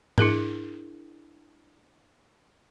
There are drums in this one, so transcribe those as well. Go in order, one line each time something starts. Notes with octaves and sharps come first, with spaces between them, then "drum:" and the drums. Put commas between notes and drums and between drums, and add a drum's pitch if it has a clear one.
D4 E4 G#4 A#4, drum: tom G#2